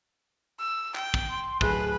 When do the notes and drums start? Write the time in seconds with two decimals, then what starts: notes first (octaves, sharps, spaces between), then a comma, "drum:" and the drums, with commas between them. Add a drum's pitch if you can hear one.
0.60 E6
0.95 G5, drum: clap
1.14 drum: kick
1.30 C6
1.61 D1 G#4 B4 F#6, drum: kick